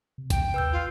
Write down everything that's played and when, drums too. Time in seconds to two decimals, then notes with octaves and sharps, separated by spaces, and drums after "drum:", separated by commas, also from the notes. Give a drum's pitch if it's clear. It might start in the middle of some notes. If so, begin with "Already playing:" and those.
0.18 C3
0.30 G5, drum: kick, hi-hat
0.54 D#2 B4 E6 G6
0.72 F4